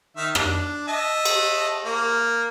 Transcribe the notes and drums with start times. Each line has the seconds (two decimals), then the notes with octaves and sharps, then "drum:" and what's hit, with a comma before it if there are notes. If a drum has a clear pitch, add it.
0.17 D#3 E5
0.35 D4, drum: rim click
0.88 D#5 E5 A5
1.25 drum: cymbal
1.85 A#3